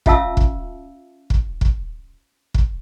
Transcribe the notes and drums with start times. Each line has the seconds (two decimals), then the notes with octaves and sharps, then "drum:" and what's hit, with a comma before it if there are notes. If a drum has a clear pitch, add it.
0.06 C#4 F4 E5 F5 A5 E6, drum: kick
0.37 drum: kick
1.30 drum: kick
1.61 drum: kick
2.54 drum: kick